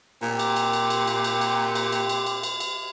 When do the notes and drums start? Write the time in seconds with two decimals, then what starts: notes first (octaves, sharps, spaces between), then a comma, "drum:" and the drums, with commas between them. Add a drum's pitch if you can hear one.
0.22 A#2 C4 G4
0.39 drum: cymbal
0.56 drum: cymbal
0.73 drum: cymbal
0.90 drum: cymbal
1.07 drum: cymbal
1.24 drum: cymbal
1.41 drum: cymbal
1.75 drum: cymbal
1.92 drum: cymbal
2.09 drum: cymbal
2.26 drum: cymbal
2.43 drum: cymbal
2.60 drum: cymbal